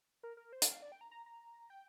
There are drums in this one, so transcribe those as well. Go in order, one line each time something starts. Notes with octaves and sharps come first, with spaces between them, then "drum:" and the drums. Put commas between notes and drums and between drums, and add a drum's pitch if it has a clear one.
A#4
A#4
C5
F5, drum: hi-hat
F5
D5
G5
A#5
A#5
A#5
G5